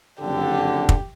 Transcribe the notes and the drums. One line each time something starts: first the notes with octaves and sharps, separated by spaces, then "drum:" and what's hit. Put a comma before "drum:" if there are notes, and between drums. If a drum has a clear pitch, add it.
F#1 F2 D3 G4
drum: kick